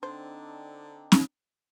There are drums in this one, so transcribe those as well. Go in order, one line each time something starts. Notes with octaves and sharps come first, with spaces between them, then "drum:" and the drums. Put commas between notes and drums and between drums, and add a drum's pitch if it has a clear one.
D3 C4 D4 D#4 C5
drum: snare